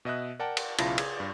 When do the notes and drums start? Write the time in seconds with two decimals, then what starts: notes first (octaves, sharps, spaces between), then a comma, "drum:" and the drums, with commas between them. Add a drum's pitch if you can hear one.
0.05 B2 D#5 E5 F#6
0.39 A#4 D5 F#5 G5 A5
0.57 drum: cymbal
0.78 B1 C#3 E4 F4 A5 A#6, drum: cymbal
0.98 G#4 G#6, drum: cymbal
1.17 G2 D5